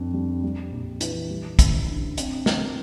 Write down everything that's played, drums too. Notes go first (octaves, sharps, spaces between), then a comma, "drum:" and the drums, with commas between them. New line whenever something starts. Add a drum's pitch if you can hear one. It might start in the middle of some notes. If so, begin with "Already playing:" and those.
Already playing: F2 D4
G3
G3
A#1
E3, drum: hi-hat
G3
A1, drum: kick, hi-hat
D3
C4, drum: hi-hat
drum: snare